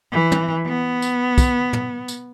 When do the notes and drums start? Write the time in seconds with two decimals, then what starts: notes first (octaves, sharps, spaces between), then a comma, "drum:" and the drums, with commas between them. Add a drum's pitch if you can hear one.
0.12 E3
0.32 drum: tom
0.67 B3
1.02 drum: tambourine
1.38 drum: kick, tambourine
1.73 drum: tom
2.08 drum: tambourine